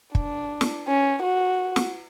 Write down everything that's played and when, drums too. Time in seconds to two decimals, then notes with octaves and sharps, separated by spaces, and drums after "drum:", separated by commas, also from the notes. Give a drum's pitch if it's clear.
0.15 D4, drum: kick
0.61 drum: snare
0.88 C#4
1.23 F#4
1.76 drum: snare